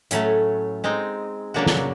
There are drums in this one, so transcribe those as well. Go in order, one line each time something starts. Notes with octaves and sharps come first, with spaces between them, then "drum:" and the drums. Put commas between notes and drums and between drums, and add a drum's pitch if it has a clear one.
A2 F#3 A3 C#4, drum: hi-hat
G#3 C4 D#4
C#3 F#3 A#3 D4 F#4
drum: snare